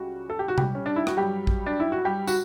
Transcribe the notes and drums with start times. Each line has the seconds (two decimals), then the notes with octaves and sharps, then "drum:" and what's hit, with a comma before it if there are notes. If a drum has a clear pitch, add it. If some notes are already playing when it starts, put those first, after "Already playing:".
Already playing: C#2 C#3 G3 F#4
0.30 A4
0.39 G4
0.48 F#4
0.58 G3 G4, drum: tom C3
0.75 C#4
0.86 D4
0.96 E4
1.07 F#4, drum: rim click
1.17 G2 F#3 G3 G4
1.47 drum: kick
1.66 D4
1.80 E4
1.92 F#4
2.05 G3 G4
2.27 F#4, drum: tambourine